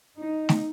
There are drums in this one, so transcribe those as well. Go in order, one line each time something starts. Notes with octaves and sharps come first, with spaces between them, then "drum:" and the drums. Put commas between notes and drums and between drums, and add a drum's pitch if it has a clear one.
D#4
drum: snare A3